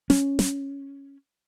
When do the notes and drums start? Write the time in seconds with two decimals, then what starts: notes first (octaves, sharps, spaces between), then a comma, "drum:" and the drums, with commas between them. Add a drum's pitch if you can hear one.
0.10 C#4, drum: snare
0.39 drum: snare